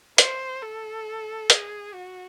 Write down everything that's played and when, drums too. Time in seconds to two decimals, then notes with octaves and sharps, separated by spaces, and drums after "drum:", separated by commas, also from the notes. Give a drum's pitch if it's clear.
0.18 C5, drum: hi-hat
0.62 A4
1.50 G#4, drum: hi-hat
1.93 F#4